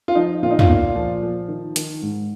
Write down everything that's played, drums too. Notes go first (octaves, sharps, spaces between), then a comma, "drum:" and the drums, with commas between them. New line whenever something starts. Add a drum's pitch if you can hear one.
F4
F3 D#4
A#2 F4
D#4
F4, drum: tom
A#2
F3
F3
D#3
D#3, drum: hi-hat
G#2